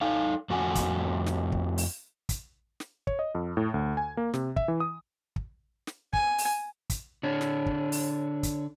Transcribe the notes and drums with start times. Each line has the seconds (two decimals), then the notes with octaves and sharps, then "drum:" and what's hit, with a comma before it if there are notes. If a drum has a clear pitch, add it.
0.01 D#4 A4 F5
0.50 F2 A3 F#4 F#5 G#5
0.75 drum: kick, hi-hat
1.26 drum: snare
1.52 drum: kick
1.78 drum: open hi-hat
2.29 drum: kick, hi-hat
2.80 drum: snare
3.07 C#5, drum: kick
3.19 D#5
3.35 F2
3.57 A2
3.74 D2
3.97 G#5
4.17 A#3
4.34 C3, drum: snare
4.56 E5, drum: kick
4.68 E3
4.80 D#6
5.36 drum: kick
5.87 drum: snare
6.13 G#5, drum: kick
6.38 drum: open hi-hat
6.90 drum: kick, hi-hat
7.23 D3 D4 C#5
7.41 drum: snare
7.66 drum: kick
7.92 drum: open hi-hat
8.43 drum: kick, hi-hat